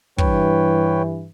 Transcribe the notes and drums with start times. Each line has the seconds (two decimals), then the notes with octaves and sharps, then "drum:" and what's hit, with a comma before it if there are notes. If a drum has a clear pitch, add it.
0.18 G2 E3 B4 C#5 G5, drum: kick